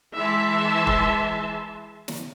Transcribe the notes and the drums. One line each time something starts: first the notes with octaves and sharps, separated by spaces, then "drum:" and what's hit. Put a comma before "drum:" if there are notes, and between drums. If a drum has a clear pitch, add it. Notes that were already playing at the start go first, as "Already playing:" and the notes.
E3 G#3 E5 A5 C6
drum: kick
drum: snare